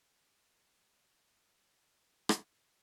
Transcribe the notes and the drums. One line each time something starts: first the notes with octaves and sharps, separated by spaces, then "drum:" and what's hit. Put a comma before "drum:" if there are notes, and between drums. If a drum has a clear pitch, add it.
A3
A#4
A#5
G#5
A4
C5
drum: rim click
G3
B4